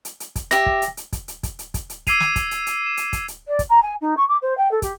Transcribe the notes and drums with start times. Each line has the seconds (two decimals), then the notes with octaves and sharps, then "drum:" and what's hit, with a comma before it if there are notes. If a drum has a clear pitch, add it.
0.05 drum: hi-hat
0.20 drum: hi-hat
0.36 drum: kick, hi-hat
0.51 G4 E5 A#6, drum: hi-hat
0.66 drum: kick
0.82 drum: hi-hat
0.97 drum: hi-hat
1.13 drum: kick, hi-hat
1.28 drum: hi-hat
1.43 drum: kick, hi-hat
1.59 drum: hi-hat
1.74 drum: kick, hi-hat
1.90 drum: hi-hat
2.07 D6 E6 G#6 C7 D#7 F7, drum: kick, hi-hat
2.20 drum: snare
2.36 drum: kick, hi-hat
2.51 drum: hi-hat
2.67 drum: hi-hat
2.86 E7
2.97 drum: hi-hat
3.13 drum: kick, hi-hat
3.28 drum: hi-hat
3.48 D5
3.59 drum: kick, hi-hat
3.69 A#5
3.82 G#5
4.01 D#4
4.17 C#6
4.28 D6
4.42 C5
4.57 G5
4.71 A4
4.82 G4, drum: kick, hi-hat